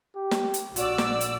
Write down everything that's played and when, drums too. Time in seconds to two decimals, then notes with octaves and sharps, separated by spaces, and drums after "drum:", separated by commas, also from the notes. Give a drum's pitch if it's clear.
0.15 G4
0.31 drum: snare
0.54 drum: hi-hat
0.76 A#1 F#4 D5 E6, drum: hi-hat
0.98 drum: snare
1.21 drum: hi-hat